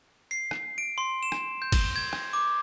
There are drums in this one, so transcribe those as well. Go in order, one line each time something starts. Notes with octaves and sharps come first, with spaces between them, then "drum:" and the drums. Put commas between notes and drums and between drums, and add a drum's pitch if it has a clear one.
C7
drum: rim click
D7
C6
E7
drum: rim click
G6
drum: kick, cymbal
G#6
drum: rim click
D6